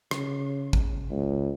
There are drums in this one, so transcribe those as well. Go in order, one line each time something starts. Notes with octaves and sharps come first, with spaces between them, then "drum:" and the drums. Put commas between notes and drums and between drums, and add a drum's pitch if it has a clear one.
C#3, drum: rim click
drum: kick
C#2